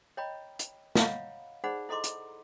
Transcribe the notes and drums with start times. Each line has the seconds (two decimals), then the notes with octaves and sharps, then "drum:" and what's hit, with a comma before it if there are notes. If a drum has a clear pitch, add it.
0.17 C#5 D#5 G5 A#5 B5
0.59 drum: hi-hat
0.95 C#5 D#5 F5 F#5 A#5 B5, drum: snare
1.64 D#4 G#4 C5 D5 F#5 B5
1.89 E4 A4 D#5 A#5 C6 D6
2.04 drum: hi-hat